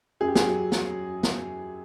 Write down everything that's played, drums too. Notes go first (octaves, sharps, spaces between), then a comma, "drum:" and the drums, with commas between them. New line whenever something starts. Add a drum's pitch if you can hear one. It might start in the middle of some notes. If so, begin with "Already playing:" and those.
F#2 G#4
G4
G#4, drum: snare
F#3
F#3, drum: snare
drum: snare